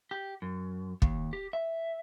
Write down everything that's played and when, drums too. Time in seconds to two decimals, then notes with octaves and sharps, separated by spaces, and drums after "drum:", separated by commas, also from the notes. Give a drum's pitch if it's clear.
0.11 G4
0.42 F#2
1.02 D#2, drum: kick
1.33 G4
1.53 E5